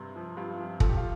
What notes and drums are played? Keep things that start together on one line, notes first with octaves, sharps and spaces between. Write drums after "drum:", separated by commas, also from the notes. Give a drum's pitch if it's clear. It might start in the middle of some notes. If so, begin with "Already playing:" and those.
Already playing: G2 C3
F3
G2 F4
F3
F3 A4, drum: kick
G4
F4